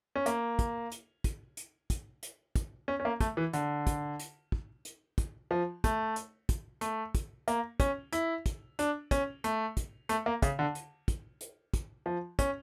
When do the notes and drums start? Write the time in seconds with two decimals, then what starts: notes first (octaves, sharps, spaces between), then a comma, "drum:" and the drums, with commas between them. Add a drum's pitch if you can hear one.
0.16 C#4
0.26 A#3, drum: hi-hat
0.59 drum: kick, hi-hat
0.92 drum: hi-hat
1.24 drum: kick, hi-hat
1.57 drum: hi-hat
1.90 drum: kick, hi-hat
2.23 drum: hi-hat
2.56 drum: kick, hi-hat
2.88 C#4
3.00 C#4
3.05 A#3
3.20 A3, drum: kick, hi-hat
3.37 E3
3.53 D3, drum: hi-hat
3.87 drum: kick, hi-hat
4.19 drum: hi-hat
4.52 drum: kick
4.85 drum: hi-hat
5.18 drum: kick, hi-hat
5.51 F3
5.84 A3, drum: kick, hi-hat
6.16 drum: hi-hat
6.49 drum: kick, hi-hat
6.81 A3, drum: hi-hat
7.15 drum: kick, hi-hat
7.48 A#3, drum: hi-hat
7.80 C#4, drum: kick, hi-hat
8.13 E4, drum: hi-hat
8.46 drum: kick, hi-hat
8.79 D4, drum: hi-hat
9.11 C#4, drum: kick, hi-hat
9.44 A3, drum: hi-hat
9.77 drum: kick, hi-hat
10.09 A3, drum: hi-hat
10.26 A#3
10.42 C#3, drum: kick, hi-hat
10.59 D3
10.75 drum: hi-hat
11.08 drum: kick, hi-hat
11.41 drum: hi-hat
11.74 drum: kick, hi-hat
12.06 F3
12.39 C#4, drum: kick, hi-hat